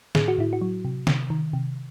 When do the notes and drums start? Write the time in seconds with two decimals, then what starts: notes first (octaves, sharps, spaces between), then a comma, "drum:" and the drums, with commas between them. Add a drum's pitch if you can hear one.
0.15 A2 G#4, drum: snare
0.28 F#4
0.38 A2 E4
0.53 F#4
0.61 F#3
0.85 C3
1.07 C3, drum: snare
1.30 D#3
1.53 C3